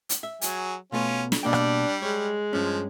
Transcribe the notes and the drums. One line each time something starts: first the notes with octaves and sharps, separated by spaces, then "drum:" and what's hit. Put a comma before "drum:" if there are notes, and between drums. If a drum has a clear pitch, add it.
drum: hi-hat
E5
F#3 G#4, drum: hi-hat
B2 A3 B3 C#4 F4
drum: snare
B2 G3 A#3 D4 G5
drum: rim click
G#3 C#5
G2 F3 C#4